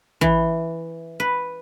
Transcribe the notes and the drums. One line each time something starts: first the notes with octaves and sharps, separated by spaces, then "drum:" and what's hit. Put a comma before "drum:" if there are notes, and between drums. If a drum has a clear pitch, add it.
E3, drum: kick
B4